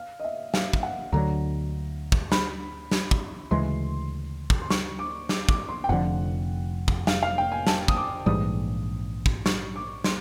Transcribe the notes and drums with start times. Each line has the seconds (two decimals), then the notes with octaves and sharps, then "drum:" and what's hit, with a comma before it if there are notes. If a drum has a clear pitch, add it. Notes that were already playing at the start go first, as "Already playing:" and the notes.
Already playing: F5
0.20 D#5
0.24 E5
0.54 F5, drum: snare
0.73 drum: kick
0.83 F#5
1.12 D2 D3 F#3 A#5
2.12 drum: kick
2.32 B5, drum: snare
2.91 drum: snare
3.11 drum: kick
3.51 D2 C#3 E3 G#3 C6
4.50 drum: kick
4.62 C6
4.70 C#6, drum: snare
4.99 D6
5.29 D6, drum: snare
5.49 D6, drum: kick
5.69 C6
5.84 G5
5.89 F1 F2 D3 F3 F#5
6.88 drum: kick
7.07 F5, drum: snare
7.23 F5
7.38 G5
7.52 G#5
7.67 A5, drum: snare
7.88 D#6, drum: kick
7.97 D6
8.26 A#1 G#2 E3 G3 D#6
9.26 drum: kick
9.46 C#6, drum: snare
9.76 D6
10.04 C6, drum: snare